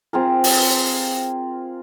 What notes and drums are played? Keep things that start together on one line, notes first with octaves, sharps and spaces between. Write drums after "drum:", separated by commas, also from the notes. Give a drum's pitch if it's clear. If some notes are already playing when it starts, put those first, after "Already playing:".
C4 F4 G#4 A#4
drum: open hi-hat